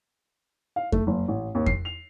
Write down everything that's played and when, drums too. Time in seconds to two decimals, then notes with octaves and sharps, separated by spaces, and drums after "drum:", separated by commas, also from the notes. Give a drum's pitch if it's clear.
0.76 F5
0.92 A3, drum: kick F2
1.07 F#1
1.28 A1
1.55 D#2
1.66 C7, drum: kick F2
1.85 F7